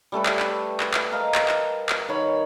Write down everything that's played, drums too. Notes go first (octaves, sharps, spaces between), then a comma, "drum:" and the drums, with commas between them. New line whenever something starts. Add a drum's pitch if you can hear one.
G3 A3 A4 B4
drum: clap
drum: clap
drum: clap
drum: clap
A#4 D#5 F5 A#5
drum: clap
drum: clap
drum: clap
D#3 C#5 B5